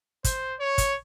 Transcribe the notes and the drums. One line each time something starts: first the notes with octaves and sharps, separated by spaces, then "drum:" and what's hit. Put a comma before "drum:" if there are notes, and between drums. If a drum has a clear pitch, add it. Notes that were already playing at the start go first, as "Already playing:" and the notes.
C5, drum: kick, hi-hat
C#5
drum: kick, hi-hat